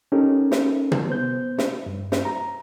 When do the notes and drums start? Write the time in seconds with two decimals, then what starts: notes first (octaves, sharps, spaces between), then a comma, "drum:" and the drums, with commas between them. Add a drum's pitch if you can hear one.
0.12 C#4 D#4 G4 A4 A#4
0.52 drum: snare
0.92 drum: tom
1.09 B3 C5 G6
1.58 drum: snare
1.86 G2
2.12 drum: snare
2.25 A#5